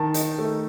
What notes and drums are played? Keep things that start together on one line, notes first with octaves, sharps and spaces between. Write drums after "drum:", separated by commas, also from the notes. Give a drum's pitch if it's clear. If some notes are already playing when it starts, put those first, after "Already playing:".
Already playing: D#3 A5
D#4, drum: hi-hat
A3